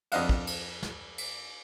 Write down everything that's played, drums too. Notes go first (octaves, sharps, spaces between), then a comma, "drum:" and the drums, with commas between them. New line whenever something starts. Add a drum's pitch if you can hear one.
F2 D4 D#5 F5 F#5, drum: cymbal
drum: kick
drum: cymbal
drum: snare
drum: cymbal